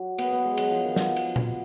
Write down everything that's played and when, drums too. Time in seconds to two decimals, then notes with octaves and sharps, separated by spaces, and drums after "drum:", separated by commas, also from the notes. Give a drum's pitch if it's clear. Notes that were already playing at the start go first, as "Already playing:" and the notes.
Already playing: F#3
0.18 B3, drum: cymbal
0.32 B3
0.45 G#3
0.57 F#3, drum: cymbal
0.71 F3
0.84 D#3
0.96 F3, drum: snare
1.16 drum: cymbal
1.36 drum: tom A#2